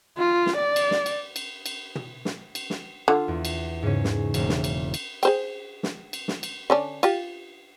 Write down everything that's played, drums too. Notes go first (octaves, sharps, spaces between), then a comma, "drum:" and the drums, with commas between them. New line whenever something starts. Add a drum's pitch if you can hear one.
F4
drum: snare
D5
drum: cymbal
drum: snare
drum: cymbal
drum: cymbal
drum: cymbal
drum: tom
drum: snare
drum: cymbal
drum: snare
D3 F4
E2
drum: cymbal
G#2 C#3 C#4
drum: snare
E1 A#3, drum: cymbal
drum: snare
drum: cymbal
drum: cymbal
G#4 C5 G5, drum: cymbal
drum: snare
drum: cymbal
drum: snare
drum: cymbal
D3 C#4 D4
F4 G4, drum: cymbal